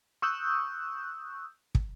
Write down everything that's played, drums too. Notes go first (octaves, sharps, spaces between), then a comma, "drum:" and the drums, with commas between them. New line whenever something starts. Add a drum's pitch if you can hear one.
C#6 D#6 E6 F#6 G6
drum: kick